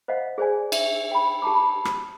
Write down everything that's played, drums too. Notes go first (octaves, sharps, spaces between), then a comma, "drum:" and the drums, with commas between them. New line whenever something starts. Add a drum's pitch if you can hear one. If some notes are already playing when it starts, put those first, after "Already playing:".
C5 D#5 F5 F#5
G#4 C5 D5 G#5
E5, drum: cymbal
G5 B5
G4 A5 A#5 D6
B5
drum: rim click